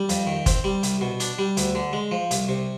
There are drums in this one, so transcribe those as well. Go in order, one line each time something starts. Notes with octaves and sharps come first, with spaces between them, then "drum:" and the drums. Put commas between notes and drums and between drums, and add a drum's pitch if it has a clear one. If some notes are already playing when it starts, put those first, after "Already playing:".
Already playing: G3
F2, drum: hi-hat
D#3
C4, drum: kick G1, hi-hat
G3
C2, drum: hi-hat
B2
D4, drum: hi-hat
G3
D2, drum: hi-hat
D3
G#3
F3
C2, drum: hi-hat
C3